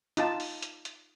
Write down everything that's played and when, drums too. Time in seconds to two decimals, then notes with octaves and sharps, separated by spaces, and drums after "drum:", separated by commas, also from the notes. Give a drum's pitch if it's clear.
0.17 D#4 F4 A5, drum: hi-hat
0.40 drum: open hi-hat
0.62 drum: hi-hat
0.85 drum: hi-hat